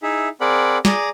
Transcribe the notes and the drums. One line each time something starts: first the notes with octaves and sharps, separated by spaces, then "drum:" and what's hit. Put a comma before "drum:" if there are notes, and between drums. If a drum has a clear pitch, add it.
D#4 E4 G#4 E5
C4 G#4 A#4 D5 F#5 B5
G#4 D5 A#5 D#6, drum: snare